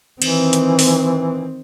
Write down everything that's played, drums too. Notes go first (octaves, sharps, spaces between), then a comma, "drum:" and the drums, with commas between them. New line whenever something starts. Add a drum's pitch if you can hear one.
D#3 E3 C4, drum: cymbal
drum: hi-hat
drum: open hi-hat